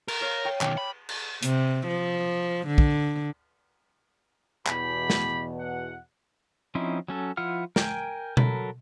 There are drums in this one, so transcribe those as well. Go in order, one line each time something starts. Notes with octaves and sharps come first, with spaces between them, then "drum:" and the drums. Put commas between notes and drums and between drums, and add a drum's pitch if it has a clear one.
A#4, drum: cymbal
C#5 F5
G5 C#6
B2 D#3 G5 D6, drum: clap
B5
drum: cymbal
C3, drum: hi-hat
F3
D3
drum: kick
E2 B2 G4 B5, drum: clap
drum: snare
F#5
F3 C4 C#4 D#4 E4
F#3 C#4 A4
F3 E4 F4 F#5 F6
A#4 G5 G#5, drum: snare
F#3 A4 A#4 B5, drum: tom B2